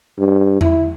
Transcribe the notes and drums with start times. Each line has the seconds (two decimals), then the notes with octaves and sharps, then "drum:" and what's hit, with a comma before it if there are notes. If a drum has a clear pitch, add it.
0.18 G2
0.61 E4, drum: tom E2